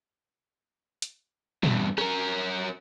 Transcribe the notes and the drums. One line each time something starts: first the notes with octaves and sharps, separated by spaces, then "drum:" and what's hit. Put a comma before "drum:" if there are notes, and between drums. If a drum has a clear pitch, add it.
drum: hi-hat
E2 G2, drum: tom A#2
C#4 A#4, drum: rim click